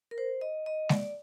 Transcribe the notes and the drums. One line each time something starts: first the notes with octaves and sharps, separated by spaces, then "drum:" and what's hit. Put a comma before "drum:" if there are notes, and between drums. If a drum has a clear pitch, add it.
A#4
C5
D#5
D#5
D5, drum: snare G#3